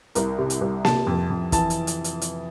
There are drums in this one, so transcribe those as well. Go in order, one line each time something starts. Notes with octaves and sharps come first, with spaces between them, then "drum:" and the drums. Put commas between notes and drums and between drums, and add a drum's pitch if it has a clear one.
C2 A#4, drum: hi-hat
C3
drum: hi-hat
C2
C3 A5, drum: snare A#3
F2
F2
E3 A5, drum: kick, hi-hat
drum: hi-hat
drum: hi-hat
drum: hi-hat
drum: hi-hat